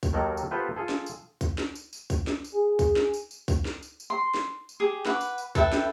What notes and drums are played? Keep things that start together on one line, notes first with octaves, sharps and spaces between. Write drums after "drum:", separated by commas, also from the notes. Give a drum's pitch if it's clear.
drum: kick C2, tambourine
D#2 D#3 F#3 A4 A#4 D5
drum: tambourine
B3 F4 G4 A4 B4 C5
F4 G#4 A4
drum: snare
drum: tambourine
drum: kick C2, tambourine
drum: snare
drum: tambourine
drum: tambourine
drum: kick C2, tambourine
drum: snare
drum: tambourine
G#4
drum: kick C2, tambourine
drum: snare
drum: tambourine
drum: tambourine
drum: kick C2, tambourine
drum: snare
drum: tambourine
drum: tambourine
C6
drum: snare
drum: tambourine
G4 G#4
B4 F#5 C#6 D6, drum: snare
drum: tambourine
drum: tambourine
A4 B4 E5 G5, drum: kick C2, tambourine
drum: snare